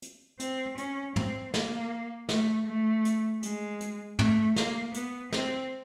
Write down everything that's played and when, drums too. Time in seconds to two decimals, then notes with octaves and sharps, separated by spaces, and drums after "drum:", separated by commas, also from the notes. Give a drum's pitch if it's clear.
0.02 drum: hi-hat
0.40 C4, drum: hi-hat
0.78 C#4, drum: hi-hat
1.16 C4, drum: tom
1.54 A#3, drum: snare
2.29 A3, drum: snare
2.67 A3
3.05 drum: hi-hat
3.43 G#3, drum: hi-hat
3.81 drum: hi-hat
4.19 A3, drum: tom
4.56 A#3, drum: snare
4.94 B3, drum: hi-hat
5.32 C4, drum: snare